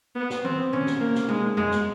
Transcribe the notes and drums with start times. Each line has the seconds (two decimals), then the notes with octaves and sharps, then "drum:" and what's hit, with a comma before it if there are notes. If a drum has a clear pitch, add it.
0.15 B3
0.30 drum: snare
0.45 C4, drum: tom D#3
0.73 C#4, drum: tom C3
0.86 drum: snare
1.01 A#3
1.15 drum: snare
1.29 G#3, drum: tom
1.57 G#3, drum: tom E2
1.71 drum: snare